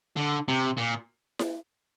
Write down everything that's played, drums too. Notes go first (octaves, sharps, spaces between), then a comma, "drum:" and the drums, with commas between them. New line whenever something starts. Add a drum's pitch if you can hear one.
D3
C3
A#2
drum: snare E4